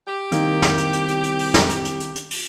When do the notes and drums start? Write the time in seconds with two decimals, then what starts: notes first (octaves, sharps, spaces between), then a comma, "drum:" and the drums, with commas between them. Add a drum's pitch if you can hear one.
0.08 G4
0.32 C2 D#3 A#3, drum: hi-hat
0.62 drum: snare
0.78 drum: hi-hat
0.93 drum: hi-hat
1.08 drum: hi-hat
1.23 drum: hi-hat
1.39 drum: open hi-hat
1.54 drum: snare
1.69 drum: hi-hat
1.85 drum: hi-hat
2.00 drum: hi-hat
2.15 drum: hi-hat
2.31 drum: open hi-hat